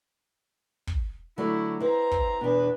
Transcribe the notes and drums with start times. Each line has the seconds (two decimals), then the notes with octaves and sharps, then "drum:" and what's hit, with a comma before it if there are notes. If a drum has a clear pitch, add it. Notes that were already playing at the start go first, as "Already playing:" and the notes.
0.87 drum: kick
1.38 D3 F#3 A3 E4
1.80 C4 E4 B4 A#5
2.11 drum: kick
2.41 E2 B2 D4 B4